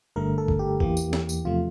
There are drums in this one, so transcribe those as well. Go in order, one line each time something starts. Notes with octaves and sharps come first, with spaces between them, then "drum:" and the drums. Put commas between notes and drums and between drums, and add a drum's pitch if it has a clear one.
G1 G2 D3 A3 A#4
A4
drum: kick A1
G4
E2 E3 A#3 G4, drum: kick A1
drum: tambourine
drum: snare
drum: tambourine
E2 C3 F3 A3 F4